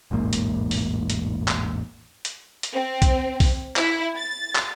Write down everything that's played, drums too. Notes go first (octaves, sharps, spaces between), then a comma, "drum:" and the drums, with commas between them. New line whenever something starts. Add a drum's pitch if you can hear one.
E1 A1 G#2 A#3
drum: hi-hat
drum: open hi-hat
drum: hi-hat
drum: clap
drum: hi-hat
drum: hi-hat
C4
drum: kick B1, hi-hat
drum: kick B1, open hi-hat
E4, drum: clap
A6
drum: clap